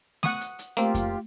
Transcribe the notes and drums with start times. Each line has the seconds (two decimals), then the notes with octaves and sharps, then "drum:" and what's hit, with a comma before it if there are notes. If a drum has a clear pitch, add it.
0.23 F#5 C#6 D#6, drum: snare A3
0.41 drum: hi-hat
0.59 drum: hi-hat
0.77 A3 A#3 C4 F4 G4, drum: hi-hat
0.94 drum: kick F2, hi-hat